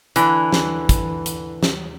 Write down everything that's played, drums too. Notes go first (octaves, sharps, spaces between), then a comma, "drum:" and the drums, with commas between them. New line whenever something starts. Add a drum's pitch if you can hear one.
D3 E3, drum: hi-hat
drum: snare
drum: kick, hi-hat
drum: hi-hat
drum: snare